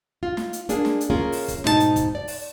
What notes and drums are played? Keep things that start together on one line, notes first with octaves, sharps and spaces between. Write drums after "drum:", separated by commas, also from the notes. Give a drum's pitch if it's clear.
F4
drum: snare
drum: hi-hat
A#3 D4 G#4, drum: hi-hat
drum: snare
drum: hi-hat
A#3 C#4 F4 G#4 A#4
drum: open hi-hat
drum: kick, hi-hat
G#2 B2 D#4 F#4 A5, drum: snare
drum: hi-hat
drum: kick, hi-hat
D5
drum: open hi-hat